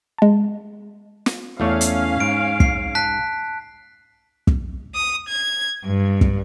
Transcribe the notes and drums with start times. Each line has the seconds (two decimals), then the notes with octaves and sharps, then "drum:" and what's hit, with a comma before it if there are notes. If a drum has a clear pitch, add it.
0.18 G#3 A5
1.26 drum: snare
1.60 E2 A3 C#4 C#5 F5
1.81 drum: hi-hat
2.20 G#2 D7
2.60 C7, drum: kick
2.95 A5 F#6 B6
4.47 drum: kick
4.94 D#6
5.27 G#6
5.85 G2
6.21 drum: kick